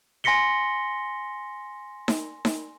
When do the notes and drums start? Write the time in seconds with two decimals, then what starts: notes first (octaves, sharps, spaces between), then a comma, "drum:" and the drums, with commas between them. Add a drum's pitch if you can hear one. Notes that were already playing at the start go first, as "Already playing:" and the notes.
0.24 G#5 C6 A#6 B6 C#7 G7
2.08 drum: snare D#4
2.45 drum: snare D#4